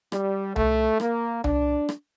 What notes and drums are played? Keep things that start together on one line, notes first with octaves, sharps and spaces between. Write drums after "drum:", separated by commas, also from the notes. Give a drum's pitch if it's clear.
G3, drum: rim click
A3, drum: tom C2
A#3, drum: rim click
D4, drum: tom C2
drum: rim click